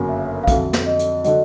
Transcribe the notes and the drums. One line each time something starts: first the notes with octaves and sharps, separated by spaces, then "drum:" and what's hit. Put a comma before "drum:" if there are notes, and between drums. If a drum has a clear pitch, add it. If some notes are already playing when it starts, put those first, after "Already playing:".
Already playing: G1 F#2 C#3 F#3 A#3
E5
F5
F2 D3 F#3 E5, drum: kick A#1, hi-hat
drum: snare
D#5
drum: hi-hat
D3 F#3 D#5, drum: hi-hat